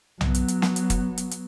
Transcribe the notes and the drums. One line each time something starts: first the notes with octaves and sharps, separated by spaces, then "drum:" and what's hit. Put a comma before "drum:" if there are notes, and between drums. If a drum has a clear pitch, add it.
F#3 B3, drum: tom B1
drum: hi-hat
drum: hi-hat
drum: snare
drum: hi-hat
drum: kick, hi-hat
drum: hi-hat
drum: hi-hat